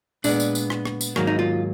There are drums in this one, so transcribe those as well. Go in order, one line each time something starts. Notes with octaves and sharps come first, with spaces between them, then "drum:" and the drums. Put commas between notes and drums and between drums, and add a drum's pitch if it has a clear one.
A#2 G#3 B3 D4, drum: tambourine
drum: tambourine
drum: tambourine
drum: rim click
drum: rim click
drum: tambourine
G#2 D#3 F#3 A#3, drum: rim click
D#4
F4